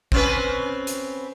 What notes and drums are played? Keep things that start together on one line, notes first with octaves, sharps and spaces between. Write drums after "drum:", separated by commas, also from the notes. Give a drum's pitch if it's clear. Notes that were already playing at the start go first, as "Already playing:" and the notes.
C4 C#4 B4, drum: kick
drum: hi-hat